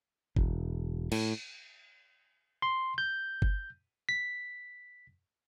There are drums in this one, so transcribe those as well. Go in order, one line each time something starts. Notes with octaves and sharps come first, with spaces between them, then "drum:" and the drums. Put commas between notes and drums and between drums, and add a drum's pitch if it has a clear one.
E1, drum: kick G1
A2, drum: cymbal
C6
G6
drum: kick G1
B6